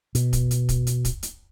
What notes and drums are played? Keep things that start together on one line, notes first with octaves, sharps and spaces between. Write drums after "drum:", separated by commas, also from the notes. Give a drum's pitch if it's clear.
B2, drum: hi-hat
drum: kick, hi-hat
drum: hi-hat
drum: kick, hi-hat
drum: hi-hat
drum: kick, hi-hat
drum: hi-hat